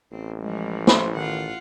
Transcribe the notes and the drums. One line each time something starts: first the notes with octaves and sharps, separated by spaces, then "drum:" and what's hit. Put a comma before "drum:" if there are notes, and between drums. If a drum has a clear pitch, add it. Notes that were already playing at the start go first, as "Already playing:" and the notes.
A1 C4
E3 F3 G#3
C5, drum: snare
D#3 F4 F#5